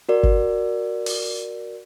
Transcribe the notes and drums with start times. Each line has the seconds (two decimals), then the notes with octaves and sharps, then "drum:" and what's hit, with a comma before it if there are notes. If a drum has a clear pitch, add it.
0.09 F#4 A#4 D5
0.23 drum: kick G1
1.06 drum: open hi-hat